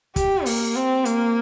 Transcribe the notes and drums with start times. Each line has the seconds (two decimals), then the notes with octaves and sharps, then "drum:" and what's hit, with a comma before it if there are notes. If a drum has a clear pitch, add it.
0.16 G4, drum: kick, hi-hat
0.46 A#3, drum: open hi-hat
0.76 C4
1.05 A#3, drum: hi-hat